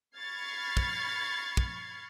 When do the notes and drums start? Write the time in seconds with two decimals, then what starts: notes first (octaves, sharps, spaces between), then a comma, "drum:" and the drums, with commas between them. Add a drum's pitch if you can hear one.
0.16 B5 C#6 F6 G#6 A6 C7
0.77 drum: kick
1.57 drum: kick